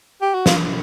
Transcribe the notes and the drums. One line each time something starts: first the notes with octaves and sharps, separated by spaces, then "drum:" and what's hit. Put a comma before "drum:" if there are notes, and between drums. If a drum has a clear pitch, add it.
G4
F#4
F4, drum: snare